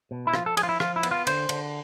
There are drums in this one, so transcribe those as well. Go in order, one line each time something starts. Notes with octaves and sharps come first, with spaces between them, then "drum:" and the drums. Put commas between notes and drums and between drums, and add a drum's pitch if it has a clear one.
B2
E4
F3 F4, drum: rim click
A4
F3 G#4, drum: cymbal
F4
E4
F3 F4, drum: rim click
E4
B3, drum: cymbal
F4
D3 C5, drum: cymbal
D3, drum: cymbal